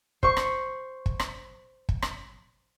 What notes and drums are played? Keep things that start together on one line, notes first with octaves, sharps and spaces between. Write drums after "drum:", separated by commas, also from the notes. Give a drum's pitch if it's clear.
C5 C#6, drum: kick
drum: rim click
drum: kick
drum: rim click
drum: kick
drum: rim click